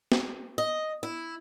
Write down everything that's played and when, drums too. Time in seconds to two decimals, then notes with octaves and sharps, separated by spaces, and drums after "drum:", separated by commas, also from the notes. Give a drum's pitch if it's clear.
0.12 drum: snare
0.58 D#5
1.03 E4